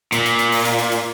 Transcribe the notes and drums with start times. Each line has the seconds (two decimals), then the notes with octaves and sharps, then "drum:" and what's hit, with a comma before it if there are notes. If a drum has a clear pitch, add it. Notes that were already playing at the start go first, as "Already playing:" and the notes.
0.12 A#2, drum: hi-hat
0.25 drum: hi-hat
0.39 drum: hi-hat
0.52 drum: open hi-hat
0.65 drum: hi-hat
0.78 drum: hi-hat
0.92 drum: hi-hat